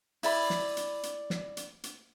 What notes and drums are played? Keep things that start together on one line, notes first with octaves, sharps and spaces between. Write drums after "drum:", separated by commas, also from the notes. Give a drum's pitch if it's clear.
E4 D5 B5, drum: open hi-hat
drum: snare
drum: hi-hat
drum: hi-hat
drum: snare
drum: hi-hat
drum: hi-hat